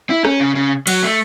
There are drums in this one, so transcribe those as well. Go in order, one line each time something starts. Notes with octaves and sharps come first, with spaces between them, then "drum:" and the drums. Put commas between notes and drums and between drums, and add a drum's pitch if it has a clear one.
E4
C#4, drum: rim click
C#3
C#3
F#3, drum: cymbal
A3